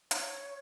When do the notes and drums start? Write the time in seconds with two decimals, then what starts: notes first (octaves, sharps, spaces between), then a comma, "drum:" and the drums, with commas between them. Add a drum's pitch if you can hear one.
0.11 C#5, drum: hi-hat